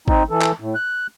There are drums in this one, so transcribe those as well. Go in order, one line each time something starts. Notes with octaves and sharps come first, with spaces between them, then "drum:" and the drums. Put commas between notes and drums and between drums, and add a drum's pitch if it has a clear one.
C4 D#4, drum: kick G#1
E3 A4
drum: clap
A2
F#6